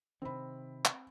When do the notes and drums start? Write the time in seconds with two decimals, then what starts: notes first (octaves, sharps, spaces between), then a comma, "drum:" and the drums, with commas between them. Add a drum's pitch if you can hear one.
0.22 C3 D#3 C4 B5
0.85 drum: clap